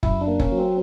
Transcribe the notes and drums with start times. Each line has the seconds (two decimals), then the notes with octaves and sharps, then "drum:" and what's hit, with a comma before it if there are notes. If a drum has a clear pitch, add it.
0.03 F#2 E4, drum: kick F#1
0.21 D4
0.27 A#3
0.40 C#4, drum: kick F#1
0.52 F#3
0.58 C4